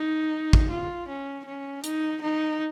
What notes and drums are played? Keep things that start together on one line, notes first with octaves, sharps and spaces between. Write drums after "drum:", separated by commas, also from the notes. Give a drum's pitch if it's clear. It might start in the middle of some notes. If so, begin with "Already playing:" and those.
Already playing: D#4
drum: kick
F4
C#4
C#4
D#4, drum: hi-hat
D#4